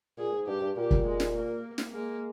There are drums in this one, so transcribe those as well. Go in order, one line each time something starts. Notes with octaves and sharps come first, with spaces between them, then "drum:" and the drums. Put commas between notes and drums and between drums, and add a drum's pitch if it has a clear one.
A#2 G#4
G#2
G2 G4
G2
A#2 G4
drum: kick
G#3
drum: snare
A#3
drum: snare
G#3 A#3